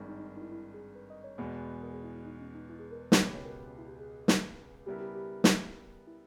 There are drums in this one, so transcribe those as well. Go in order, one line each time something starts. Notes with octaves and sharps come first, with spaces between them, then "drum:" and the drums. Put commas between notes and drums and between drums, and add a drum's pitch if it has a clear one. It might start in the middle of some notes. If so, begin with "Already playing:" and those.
Already playing: G#1 G2 D#3 G#3
D#4
D#4
D#4
E4
E4
G#4
B4
D#5
C#5
E2 B2 G#3 B3
A#4
G#4
E4
E4
D#4
C#4
D#4
E4
G#4
A#4
B4
C#2 B2 G#3 B3 G4 C#5, drum: snare
C#5
C#5
A#4
C#4
E4
G4
G#4
drum: snare
C#3 G3 B3 E4 G4 A#4
G4
G4
drum: snare
E4